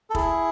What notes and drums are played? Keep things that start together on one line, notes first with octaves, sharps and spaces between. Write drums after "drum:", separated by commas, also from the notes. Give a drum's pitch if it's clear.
A4
E4 G#4, drum: kick F1